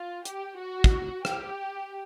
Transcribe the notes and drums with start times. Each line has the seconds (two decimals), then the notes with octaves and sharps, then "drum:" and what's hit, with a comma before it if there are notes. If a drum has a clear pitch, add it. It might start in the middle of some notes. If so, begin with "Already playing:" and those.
Already playing: F4
0.25 G4, drum: hi-hat
0.58 F#4
0.84 drum: kick
1.25 G4, drum: rim click